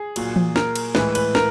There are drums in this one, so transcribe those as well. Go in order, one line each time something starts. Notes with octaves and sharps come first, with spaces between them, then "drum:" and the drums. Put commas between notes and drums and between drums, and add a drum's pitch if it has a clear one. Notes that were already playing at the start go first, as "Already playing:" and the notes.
Already playing: G#4
A#2 F#3, drum: cymbal
drum: tom E3
A#4, drum: snare
drum: cymbal
A2 E3 G#3 B4, drum: snare
B4, drum: cymbal
A#4, drum: snare